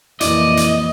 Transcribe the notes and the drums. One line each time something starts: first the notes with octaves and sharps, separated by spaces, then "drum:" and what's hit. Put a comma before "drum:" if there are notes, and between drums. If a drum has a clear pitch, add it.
F2 A#2 E3 A#3 E4 D5 D#5, drum: hi-hat
drum: hi-hat